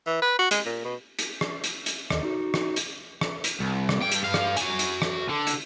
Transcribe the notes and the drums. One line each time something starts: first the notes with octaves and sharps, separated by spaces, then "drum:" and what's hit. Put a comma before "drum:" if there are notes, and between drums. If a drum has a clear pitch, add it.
E3
B4
F#4
G#3, drum: hi-hat
A#2
B2
drum: hi-hat
drum: rim click
drum: hi-hat
drum: hi-hat
D#2 D#3 D#5, drum: rim click
D#4 F#4
drum: rim click
drum: hi-hat
drum: rim click
drum: hi-hat
C2
drum: rim click
G2 G5
drum: hi-hat
G2 F5
drum: rim click
F#4 G#5, drum: hi-hat
drum: hi-hat
drum: rim click
D3
drum: hi-hat